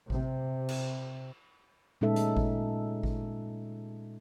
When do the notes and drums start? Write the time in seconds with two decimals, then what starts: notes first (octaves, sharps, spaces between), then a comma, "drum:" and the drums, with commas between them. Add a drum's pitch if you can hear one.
0.10 C3, drum: kick A1
0.69 drum: cymbal
2.01 A#2 G#3 C#4 D#4 A4 E5
2.16 drum: hi-hat
2.37 drum: kick A1
3.03 drum: kick A1